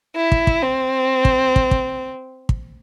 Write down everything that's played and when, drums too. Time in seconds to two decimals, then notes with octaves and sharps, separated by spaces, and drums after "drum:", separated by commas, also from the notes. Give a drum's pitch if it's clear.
0.16 E4
0.32 drum: kick
0.47 drum: kick
0.63 C4
1.25 drum: kick
1.56 drum: kick
1.71 drum: kick
2.49 drum: kick